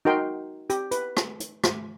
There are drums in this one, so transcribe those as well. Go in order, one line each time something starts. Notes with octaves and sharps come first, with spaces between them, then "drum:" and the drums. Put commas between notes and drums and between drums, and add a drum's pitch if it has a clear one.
D#4 F#4 A#4 G5 C6
G4, drum: hi-hat
B4, drum: hi-hat
drum: rim click
drum: hi-hat
drum: rim click